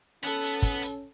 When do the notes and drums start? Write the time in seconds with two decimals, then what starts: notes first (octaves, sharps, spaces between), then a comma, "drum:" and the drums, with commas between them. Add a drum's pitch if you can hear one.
0.24 C#4 A4 B4 F#5, drum: hi-hat
0.43 drum: hi-hat
0.62 drum: kick, hi-hat
0.82 drum: hi-hat